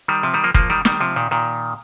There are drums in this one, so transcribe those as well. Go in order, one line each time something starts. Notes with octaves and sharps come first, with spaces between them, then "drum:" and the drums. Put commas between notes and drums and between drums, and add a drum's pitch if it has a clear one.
D#3 G3
C3 F3
D#3 G3
F3 A#3
F3 A#3, drum: kick
D#3 G3
D#3 G3, drum: snare
C3 F3
A#2 D#3
A#2 D#3